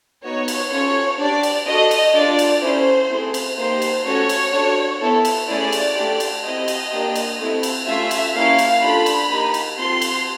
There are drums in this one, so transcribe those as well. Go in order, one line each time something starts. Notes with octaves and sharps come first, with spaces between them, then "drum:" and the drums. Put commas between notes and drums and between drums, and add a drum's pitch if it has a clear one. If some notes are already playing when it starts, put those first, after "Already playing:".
B3 D#4 F#4 C#5
drum: cymbal
C#4 F4 A4 C#5
D4 G4 D5
drum: cymbal
D4 F#4 A4 D#5
drum: cymbal
D4 F4 A4 D5
drum: cymbal
C#4 E4 A4 C5
A3 C4 E4 G#4
drum: cymbal
A#3 D#4 G4 C5
drum: cymbal
A3 C#4 F#4 A4 C#5
drum: cymbal
D4 F#4 A4
B3 E4 A4
drum: cymbal
A3 C#4 E4 G#4 D5
drum: cymbal
A3 D4 G4
drum: cymbal
C4 E4 G4 D#5
drum: cymbal
A#3 D4 G4
drum: cymbal
A3 C4 E4
drum: cymbal
A3 C#4 F4 E5
drum: cymbal
A#3 C#4 E4 F5
drum: cymbal
D4 F4 A4 B5
drum: cymbal
A#3 D#4 G4
drum: cymbal
C4 F4 A4 C6
drum: cymbal